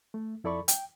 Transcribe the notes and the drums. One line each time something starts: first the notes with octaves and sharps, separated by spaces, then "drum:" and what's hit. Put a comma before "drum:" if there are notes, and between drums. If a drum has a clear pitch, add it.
A3
F2 E4 A4 D5 B5 C#6
G5, drum: hi-hat